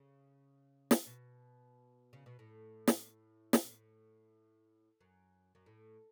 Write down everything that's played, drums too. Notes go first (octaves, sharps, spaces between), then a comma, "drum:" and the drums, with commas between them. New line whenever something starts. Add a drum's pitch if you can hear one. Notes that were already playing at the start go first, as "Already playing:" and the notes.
Already playing: C#3
drum: snare
B2
C#3
B2
A2
drum: snare
drum: snare
B2
A2
F#2
F#2
A2